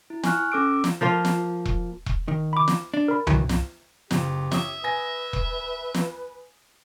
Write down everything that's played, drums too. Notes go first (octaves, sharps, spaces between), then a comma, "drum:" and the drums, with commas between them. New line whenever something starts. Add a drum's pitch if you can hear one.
E4
G#5 C#6 F6 F#6, drum: snare
C#4 A4 D6 E6 D7
drum: snare
F3 A#3 F4
drum: snare
drum: kick E1
drum: kick E1
D#3
B5 D6
drum: snare
D4
A#4 B5
D#3 E3 F#3, drum: tom C2
drum: snare
F#1 G4, drum: snare
C#5 E5 D#6, drum: snare
B4 G#5 A#6
drum: kick E1
drum: snare